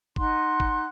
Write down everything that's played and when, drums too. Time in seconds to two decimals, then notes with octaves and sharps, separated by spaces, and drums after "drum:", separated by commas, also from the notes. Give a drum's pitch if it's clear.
0.16 D#4 F#5 C6 F#6, drum: kick
0.60 drum: kick